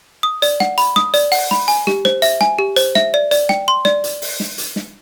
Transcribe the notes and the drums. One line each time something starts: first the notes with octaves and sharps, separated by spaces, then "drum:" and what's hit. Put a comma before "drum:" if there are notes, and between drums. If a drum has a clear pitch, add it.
D#6
D5, drum: hi-hat
F#5, drum: snare
B5, drum: hi-hat
D#6, drum: snare
D5, drum: hi-hat
F#5, drum: open hi-hat
B5, drum: snare
G#5, drum: hi-hat
G4, drum: snare
C5, drum: snare
E5, drum: hi-hat
G#5, drum: snare
G4
C5, drum: hi-hat
E5, drum: snare
D5
D5, drum: hi-hat
G5, drum: snare
C6
D5, drum: snare
drum: hi-hat
drum: open hi-hat
drum: snare
drum: hi-hat
drum: snare